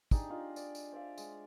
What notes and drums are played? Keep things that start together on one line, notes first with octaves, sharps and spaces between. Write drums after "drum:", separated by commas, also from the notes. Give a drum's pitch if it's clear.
D4 D#4 G4 G#4, drum: kick, tambourine
D4 F4 D#5
D5, drum: tambourine
drum: tambourine
C5 D5 E5 F5
G#3, drum: tambourine